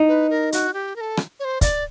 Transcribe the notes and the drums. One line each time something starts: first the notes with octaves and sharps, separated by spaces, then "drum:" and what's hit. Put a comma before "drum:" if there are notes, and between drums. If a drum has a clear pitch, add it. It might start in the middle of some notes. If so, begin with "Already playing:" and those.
Already playing: D#4
B4
A#4
F#4, drum: hi-hat
G4
A#4
A4
drum: rim click
C#5
C5
D5, drum: kick, hi-hat